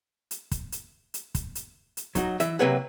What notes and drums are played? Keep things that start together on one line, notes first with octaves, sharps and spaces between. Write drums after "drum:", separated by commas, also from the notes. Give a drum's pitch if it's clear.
drum: hi-hat
drum: kick, hi-hat
drum: hi-hat
drum: hi-hat
drum: kick, hi-hat
drum: hi-hat
drum: hi-hat
F#3 D#4 F#4, drum: kick, hi-hat
E3 E5, drum: hi-hat
C3 F#3 A#3 B4 C#5 F#5